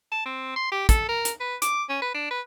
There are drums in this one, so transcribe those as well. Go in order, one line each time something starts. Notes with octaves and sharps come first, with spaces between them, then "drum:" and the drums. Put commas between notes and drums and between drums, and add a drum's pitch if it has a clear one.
A5
C4
C6
G4
A4, drum: kick, hi-hat
A#4
drum: hi-hat
B4
D6, drum: hi-hat
C#4
B4
D4
B4